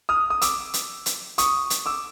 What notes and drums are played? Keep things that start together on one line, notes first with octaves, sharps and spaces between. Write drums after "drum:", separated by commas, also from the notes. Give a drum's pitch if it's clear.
D#6 F6
D#6
D6 E6, drum: hi-hat
drum: hi-hat
drum: hi-hat
C#6 D#6, drum: hi-hat
drum: hi-hat
D6 E6